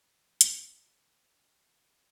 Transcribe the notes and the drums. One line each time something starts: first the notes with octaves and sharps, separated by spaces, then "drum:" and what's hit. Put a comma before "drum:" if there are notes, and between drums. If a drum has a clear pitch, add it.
F3
E3, drum: hi-hat
D3
C#3